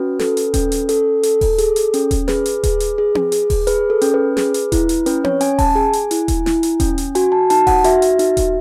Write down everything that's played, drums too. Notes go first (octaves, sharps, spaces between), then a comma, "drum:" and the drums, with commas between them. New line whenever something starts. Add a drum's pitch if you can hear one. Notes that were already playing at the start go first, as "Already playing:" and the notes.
Already playing: C#4 F#4 B4
A4, drum: snare
drum: hi-hat
C#4, drum: kick D#1, hi-hat
drum: hi-hat
A4, drum: hi-hat
A4, drum: hi-hat
drum: kick D#1, open hi-hat
G#4, drum: hi-hat
drum: hi-hat
C#4, drum: hi-hat
drum: kick D#1, hi-hat
G#4 B4, drum: snare
drum: hi-hat
G#4, drum: kick D#1, hi-hat
drum: hi-hat
G#4
drum: tom C4
G#4, drum: hi-hat
drum: kick D#1, open hi-hat
G#4 B4, drum: hi-hat
A4
C#4, drum: hi-hat
B4
G#4, drum: snare
drum: hi-hat
E4, drum: kick D#1, hi-hat
drum: hi-hat
C#4 B4, drum: hi-hat
C#5, drum: tom C4
C#4 G#5, drum: hi-hat
A5, drum: kick D#1, open hi-hat
G#4 G#5
drum: hi-hat
E4, drum: hi-hat
drum: kick D#1, hi-hat
E4, drum: snare
drum: hi-hat
C#4, drum: kick D#1, hi-hat
drum: hi-hat
F#4 G#5, drum: hi-hat
A5
D#4 A5, drum: hi-hat
F#5, drum: kick D#1, open hi-hat
F#4 E5, drum: hi-hat
drum: hi-hat
D#4, drum: hi-hat
drum: kick D#1, hi-hat